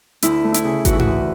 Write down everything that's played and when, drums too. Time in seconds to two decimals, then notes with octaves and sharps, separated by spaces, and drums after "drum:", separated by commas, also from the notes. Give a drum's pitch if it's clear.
0.22 D2 E4, drum: hi-hat
0.44 A3
0.54 E4, drum: hi-hat
0.64 C#3
0.85 E3 F#4, drum: kick G#1, hi-hat
0.93 E4
0.99 F#4, drum: tom G#2
1.06 D2